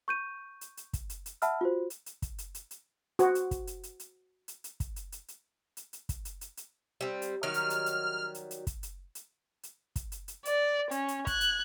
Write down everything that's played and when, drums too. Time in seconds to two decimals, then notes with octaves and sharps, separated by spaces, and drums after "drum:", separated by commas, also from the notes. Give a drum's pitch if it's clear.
0.08 C#6 G6 D#7
0.61 drum: hi-hat
0.77 drum: hi-hat
0.93 drum: kick, hi-hat
1.10 drum: hi-hat
1.26 drum: hi-hat
1.42 E5 F#5 A5 B5 E6 F6, drum: hi-hat
1.61 F4 F#4 C5
1.90 drum: hi-hat
2.06 drum: hi-hat
2.22 drum: kick, hi-hat
2.38 drum: hi-hat
2.55 drum: hi-hat
2.71 drum: hi-hat
3.19 F#4 C5, drum: hi-hat
3.35 drum: hi-hat
3.51 drum: kick, hi-hat
3.67 drum: hi-hat
3.83 drum: hi-hat
4.00 drum: hi-hat
4.48 drum: hi-hat
4.64 drum: hi-hat
4.80 drum: kick, hi-hat
4.96 drum: hi-hat
5.12 drum: hi-hat
5.28 drum: hi-hat
5.77 drum: hi-hat
5.93 drum: hi-hat
6.09 drum: kick, hi-hat
6.25 drum: hi-hat
6.41 drum: hi-hat
6.57 drum: hi-hat
7.01 G3 C4
7.22 drum: hi-hat
7.43 D#3 F#3 G3 F6
7.54 drum: hi-hat
7.70 drum: hi-hat
7.86 drum: hi-hat
8.35 drum: hi-hat
8.51 drum: hi-hat
8.67 drum: kick, hi-hat
8.83 drum: hi-hat
9.15 drum: hi-hat
9.63 drum: hi-hat
9.96 drum: kick, hi-hat
10.12 drum: hi-hat
10.28 drum: hi-hat
10.45 D5, drum: hi-hat
10.91 C#4, drum: hi-hat
11.08 drum: hi-hat
11.27 F#6 G#6, drum: kick, hi-hat
11.41 drum: hi-hat